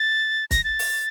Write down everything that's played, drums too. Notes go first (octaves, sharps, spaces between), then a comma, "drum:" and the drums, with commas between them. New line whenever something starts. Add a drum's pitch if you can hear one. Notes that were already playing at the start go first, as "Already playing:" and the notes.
Already playing: A6
A#6, drum: kick, hi-hat
A6
drum: open hi-hat